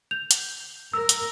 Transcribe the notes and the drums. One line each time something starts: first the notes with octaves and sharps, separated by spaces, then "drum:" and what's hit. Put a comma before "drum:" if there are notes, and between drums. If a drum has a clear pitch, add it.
G6 F7
drum: hi-hat
A#4 E6
drum: hi-hat